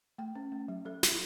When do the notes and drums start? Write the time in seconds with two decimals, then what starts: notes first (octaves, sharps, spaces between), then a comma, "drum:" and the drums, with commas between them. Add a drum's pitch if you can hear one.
0.18 A3 G5
0.35 C#4
0.52 A3
0.68 F#3
0.85 F#3 A4
1.03 F#3, drum: snare